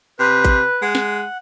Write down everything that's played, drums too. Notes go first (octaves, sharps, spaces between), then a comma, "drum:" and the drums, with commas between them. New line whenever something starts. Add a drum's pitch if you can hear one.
C3 B4
drum: kick A1, hi-hat
G#3 F#5
drum: snare